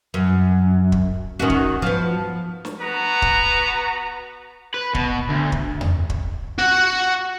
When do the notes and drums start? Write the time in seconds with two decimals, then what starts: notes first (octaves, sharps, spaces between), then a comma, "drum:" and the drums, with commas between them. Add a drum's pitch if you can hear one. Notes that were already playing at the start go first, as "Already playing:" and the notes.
0.14 F#2
0.92 drum: kick
1.39 D#3 C#4 F#4
1.50 drum: kick
1.82 F3 B3
2.65 drum: snare
2.80 B3 F#4 B4 A#5
3.22 drum: kick
4.74 B4
4.95 B2, drum: kick
5.30 D2
5.52 drum: kick
5.81 drum: tom E2
6.10 drum: kick
6.59 F#4 F#5